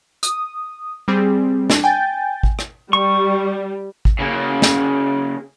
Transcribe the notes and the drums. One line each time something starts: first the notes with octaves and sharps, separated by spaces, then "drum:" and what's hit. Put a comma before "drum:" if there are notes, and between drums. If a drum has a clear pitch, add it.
D#6, drum: hi-hat
G3 C4 G#4
D4, drum: snare
G5 G#5 G6 A6
drum: kick G#1
drum: rim click
G3 C#6
drum: kick G#1
C#3 A#3
drum: snare